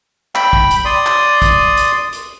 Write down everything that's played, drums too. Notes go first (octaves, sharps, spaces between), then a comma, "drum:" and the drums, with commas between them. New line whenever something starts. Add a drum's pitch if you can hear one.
G5 B5, drum: clap
drum: kick
drum: hi-hat
D5 C6 D#6
drum: clap
drum: kick, hi-hat
drum: hi-hat
drum: hi-hat